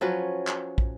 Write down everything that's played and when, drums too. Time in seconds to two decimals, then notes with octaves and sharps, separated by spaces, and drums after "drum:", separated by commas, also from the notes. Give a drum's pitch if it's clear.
0.01 F3 F#3 C#4 B4
0.47 drum: clap
0.78 drum: kick